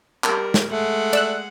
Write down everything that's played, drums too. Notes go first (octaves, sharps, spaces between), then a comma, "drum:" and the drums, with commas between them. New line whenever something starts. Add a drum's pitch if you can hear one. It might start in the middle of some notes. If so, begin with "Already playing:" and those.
G3 A#4, drum: clap
drum: snare
G#3 A3 F#5
D5 E6 F#6, drum: cymbal